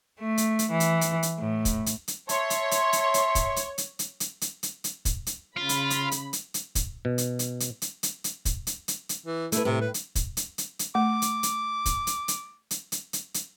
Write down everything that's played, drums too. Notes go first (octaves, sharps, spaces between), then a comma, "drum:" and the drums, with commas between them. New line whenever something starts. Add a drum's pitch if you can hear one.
A3
drum: hi-hat
drum: hi-hat
E3
drum: hi-hat
drum: hi-hat
drum: hi-hat
A2
drum: kick, hi-hat
drum: hi-hat
drum: hi-hat
C#5 E5 A5 C6, drum: hi-hat
drum: hi-hat
drum: hi-hat
drum: hi-hat
drum: hi-hat
drum: kick, hi-hat
drum: hi-hat
drum: hi-hat
drum: hi-hat
drum: hi-hat
drum: hi-hat
drum: hi-hat
drum: hi-hat
drum: kick, hi-hat
drum: hi-hat
C#3 F4 B5
drum: hi-hat
drum: hi-hat
drum: hi-hat
drum: hi-hat
drum: hi-hat
drum: kick, hi-hat
B2
drum: hi-hat
drum: hi-hat
drum: hi-hat
drum: hi-hat
drum: hi-hat
drum: hi-hat
drum: kick, hi-hat
drum: hi-hat
drum: hi-hat
drum: hi-hat
E3
A3 E4 B4, drum: hi-hat
A2 C3
B4
drum: hi-hat
drum: kick, hi-hat
drum: hi-hat
drum: hi-hat
drum: hi-hat
A3 D6
drum: hi-hat
drum: hi-hat
drum: kick, hi-hat
drum: hi-hat
drum: hi-hat
drum: hi-hat
drum: hi-hat
drum: hi-hat
drum: hi-hat